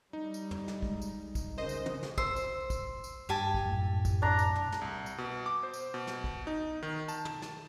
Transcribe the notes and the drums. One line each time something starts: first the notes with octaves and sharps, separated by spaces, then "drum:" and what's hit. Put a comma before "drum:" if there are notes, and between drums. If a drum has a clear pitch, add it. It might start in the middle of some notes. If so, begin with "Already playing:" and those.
G3 D#4
drum: tambourine
drum: tom
drum: snare
G#3, drum: kick
drum: tambourine
drum: kick, tambourine
C#3 A#4 C5 D#5
drum: tambourine
drum: tom
drum: snare
C5 E6, drum: kick
drum: tambourine
drum: kick, tambourine
drum: tambourine
G2 G4 G#5 A5
drum: kick
F#2 A2
drum: kick, tambourine
D4 A#5
drum: tambourine
drum: tom
drum: snare
C2
drum: tambourine
B2
D6
C5
drum: tambourine
B2
drum: snare
drum: kick
D#4
D#3
A5, drum: tambourine
drum: tom
drum: snare